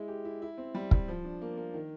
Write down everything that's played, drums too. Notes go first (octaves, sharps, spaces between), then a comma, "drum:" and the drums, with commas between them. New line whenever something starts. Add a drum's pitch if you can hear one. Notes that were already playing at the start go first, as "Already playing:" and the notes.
Already playing: G#3 E4
G4
E4
E4
C4
G3
E4, drum: kick
F3
D4
A#3
A#3
D#3